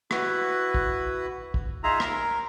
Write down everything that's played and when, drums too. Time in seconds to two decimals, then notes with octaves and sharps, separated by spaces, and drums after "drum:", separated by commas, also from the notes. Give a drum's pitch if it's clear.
0.11 E4 F#4 B4, drum: rim click
0.74 drum: kick
1.54 drum: kick
1.84 D#4 F4 G#4 E5 A#5
2.00 A#4, drum: rim click